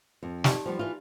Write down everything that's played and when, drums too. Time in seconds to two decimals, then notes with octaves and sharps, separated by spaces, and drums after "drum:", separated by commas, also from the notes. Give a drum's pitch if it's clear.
0.23 F2
0.44 D#4 G4 D5, drum: snare
0.66 F3 G3 B3
0.79 E3 F4